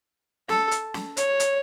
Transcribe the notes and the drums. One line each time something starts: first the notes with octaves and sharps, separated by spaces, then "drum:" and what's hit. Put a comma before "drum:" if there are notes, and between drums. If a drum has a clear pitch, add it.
A4, drum: snare
drum: hi-hat
drum: snare
C#5, drum: hi-hat
drum: hi-hat